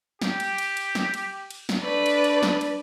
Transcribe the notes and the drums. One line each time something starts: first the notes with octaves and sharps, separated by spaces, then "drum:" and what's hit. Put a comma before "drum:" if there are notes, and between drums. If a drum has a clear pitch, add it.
G4, drum: snare
drum: cymbal
drum: cymbal
drum: cymbal
drum: snare
drum: cymbal
drum: cymbal
drum: snare
A3 D4 B4 D5
drum: cymbal
drum: cymbal
drum: snare
drum: cymbal